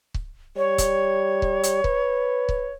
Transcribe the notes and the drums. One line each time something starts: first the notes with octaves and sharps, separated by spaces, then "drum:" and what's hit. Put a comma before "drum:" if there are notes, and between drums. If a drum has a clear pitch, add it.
drum: kick C#1
G3 C#5
drum: kick C#1, hi-hat
drum: kick C#1
drum: hi-hat
B4, drum: kick C#1
drum: kick C#1